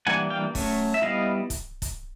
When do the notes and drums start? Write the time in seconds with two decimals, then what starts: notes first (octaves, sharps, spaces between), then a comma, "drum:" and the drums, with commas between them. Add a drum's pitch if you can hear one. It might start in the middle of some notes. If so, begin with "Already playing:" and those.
0.07 E3 G3 A#3 D4 F#5 G#5
0.30 F5 G5
0.55 F#3 A3 C#4, drum: kick, open hi-hat
0.94 E5
1.02 G3 B3 E4 D#5 F5
1.50 drum: kick, hi-hat
1.82 drum: kick, hi-hat